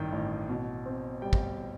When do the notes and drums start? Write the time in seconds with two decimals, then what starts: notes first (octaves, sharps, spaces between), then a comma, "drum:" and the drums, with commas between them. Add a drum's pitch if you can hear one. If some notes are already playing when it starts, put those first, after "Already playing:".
Already playing: A1 G2 D#3 G5
0.13 A1
0.49 B2
0.86 C4
1.22 G3 G5
1.33 drum: kick